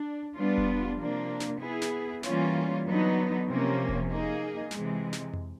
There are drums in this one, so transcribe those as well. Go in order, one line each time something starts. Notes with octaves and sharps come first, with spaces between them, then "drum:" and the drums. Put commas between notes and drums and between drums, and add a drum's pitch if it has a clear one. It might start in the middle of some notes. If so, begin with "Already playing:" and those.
Already playing: D4
G3 B3 D4 F4
drum: kick F1
C3 F3 A#3 D4
drum: snare
B3 E4 G#4
drum: snare
E3 G3 A#3 C#4 F4, drum: snare
D3 F#3 B3 D#4
C3 F3 A#3 C#4
drum: kick F1
A#3 D#4 G#4
C3 E3 G#3, drum: snare
drum: snare
drum: tom F2